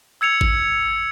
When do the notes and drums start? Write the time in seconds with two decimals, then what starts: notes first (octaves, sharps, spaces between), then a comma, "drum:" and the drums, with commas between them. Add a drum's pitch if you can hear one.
0.21 E6 G#6 C#7 F7
0.41 drum: kick